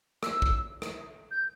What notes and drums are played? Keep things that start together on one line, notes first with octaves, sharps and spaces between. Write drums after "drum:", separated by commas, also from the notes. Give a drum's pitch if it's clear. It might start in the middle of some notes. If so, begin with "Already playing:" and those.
E6, drum: rim click
drum: kick
drum: rim click
G6